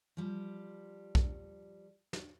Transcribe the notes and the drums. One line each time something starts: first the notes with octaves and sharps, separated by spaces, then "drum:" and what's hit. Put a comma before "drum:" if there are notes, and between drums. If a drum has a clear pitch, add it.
F3 G3
drum: kick
drum: snare